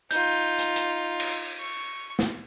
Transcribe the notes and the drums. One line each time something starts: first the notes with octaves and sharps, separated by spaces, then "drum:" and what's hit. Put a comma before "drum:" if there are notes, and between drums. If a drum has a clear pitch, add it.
D#4 F4 G6, drum: hi-hat
drum: hi-hat
drum: hi-hat
drum: cymbal
C#6
drum: snare